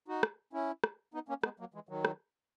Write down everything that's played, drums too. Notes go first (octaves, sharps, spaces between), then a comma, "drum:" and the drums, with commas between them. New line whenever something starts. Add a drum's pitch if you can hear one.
D#4 F#4
drum: rim click
C#4 E4
drum: rim click
B3 D#4
A#3 C#4
G#3 B3, drum: rim click
F#3 A#3
E3 G#3
D#3 F#3
drum: rim click